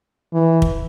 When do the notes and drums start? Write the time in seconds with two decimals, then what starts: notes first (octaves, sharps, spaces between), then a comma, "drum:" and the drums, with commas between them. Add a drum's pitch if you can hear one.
0.33 E3
0.62 drum: kick